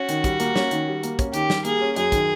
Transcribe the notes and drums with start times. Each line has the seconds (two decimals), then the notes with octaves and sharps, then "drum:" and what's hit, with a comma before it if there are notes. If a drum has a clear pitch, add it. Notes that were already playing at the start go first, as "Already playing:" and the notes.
Already playing: C#4 F#4
0.09 D#3, drum: hi-hat
0.24 G3, drum: kick, hi-hat
0.40 A#3, drum: hi-hat
0.56 C#4, drum: snare
0.71 D#3, drum: hi-hat
0.88 G3
1.03 A#3, drum: hi-hat
1.19 C#4, drum: kick, hi-hat
1.34 D#3 G4, drum: hi-hat
1.50 G3, drum: snare
1.65 A#3 G#4, drum: hi-hat
1.81 C#4
1.96 F#2 G#4, drum: hi-hat
2.12 D#3, drum: kick, hi-hat